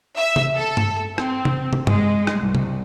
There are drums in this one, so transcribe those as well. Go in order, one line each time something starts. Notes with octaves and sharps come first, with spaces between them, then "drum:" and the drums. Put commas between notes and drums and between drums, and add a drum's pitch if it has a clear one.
E5
drum: tom
A4
drum: tom G2
C4, drum: rim click
drum: tom
drum: tom
G#3, drum: tom G2
drum: rim click
C2
drum: tom